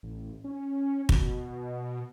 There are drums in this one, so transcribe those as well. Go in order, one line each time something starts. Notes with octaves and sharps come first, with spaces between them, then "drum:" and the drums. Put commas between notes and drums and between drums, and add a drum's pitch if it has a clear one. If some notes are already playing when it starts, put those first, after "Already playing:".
A1
C#4
B2, drum: kick